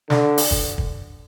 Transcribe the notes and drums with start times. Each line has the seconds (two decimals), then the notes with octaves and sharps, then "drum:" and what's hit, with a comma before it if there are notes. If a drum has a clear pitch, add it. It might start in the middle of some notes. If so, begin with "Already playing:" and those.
0.10 D3, drum: snare
0.38 drum: open hi-hat
0.51 drum: kick
0.78 drum: kick